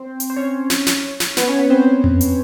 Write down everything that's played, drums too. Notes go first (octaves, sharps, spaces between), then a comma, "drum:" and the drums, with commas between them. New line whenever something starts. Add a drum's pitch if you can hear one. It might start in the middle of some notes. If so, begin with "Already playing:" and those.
Already playing: C4 C5
drum: hi-hat
C5
C#4 C#5
drum: snare
drum: snare
drum: snare
B3 B4, drum: snare
C#4 C#5
B3 B4
C4 C5
drum: tom F2
drum: hi-hat